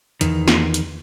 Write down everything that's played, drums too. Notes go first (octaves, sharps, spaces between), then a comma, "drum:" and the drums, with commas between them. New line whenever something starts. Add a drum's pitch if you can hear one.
E2 D#3, drum: hi-hat
drum: snare
drum: hi-hat